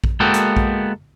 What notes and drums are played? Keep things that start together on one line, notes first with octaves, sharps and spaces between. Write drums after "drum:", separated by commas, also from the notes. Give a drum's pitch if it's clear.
drum: kick A#1
G#3 A#3 B3 F#4 A4 G5
drum: hi-hat
drum: kick A#1